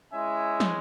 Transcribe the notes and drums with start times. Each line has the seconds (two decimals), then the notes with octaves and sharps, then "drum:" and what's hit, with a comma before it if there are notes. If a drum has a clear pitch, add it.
0.12 G#3 C#4 E4 E5 G#5
0.60 drum: snare